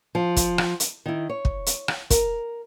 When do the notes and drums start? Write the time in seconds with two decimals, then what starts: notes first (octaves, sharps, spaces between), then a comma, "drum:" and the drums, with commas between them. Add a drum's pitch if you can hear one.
0.15 F3
0.36 drum: kick, hi-hat
0.58 drum: rim click
0.80 drum: hi-hat
1.06 D#3 E4
1.30 C#5
1.45 drum: kick
1.66 drum: hi-hat
1.88 drum: rim click
2.10 A#4, drum: kick, hi-hat